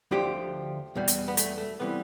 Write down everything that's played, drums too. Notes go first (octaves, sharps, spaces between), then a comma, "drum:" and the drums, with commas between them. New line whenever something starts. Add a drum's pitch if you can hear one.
D2 D3 F3 G4
E2 B2 G3
drum: hi-hat
B3
A3, drum: hi-hat
A3
C3 E3 G3 B3